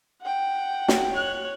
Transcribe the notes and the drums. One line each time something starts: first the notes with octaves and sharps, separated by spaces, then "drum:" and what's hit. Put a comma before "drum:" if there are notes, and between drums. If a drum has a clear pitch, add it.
F#5 G5
drum: snare
C#5 F#6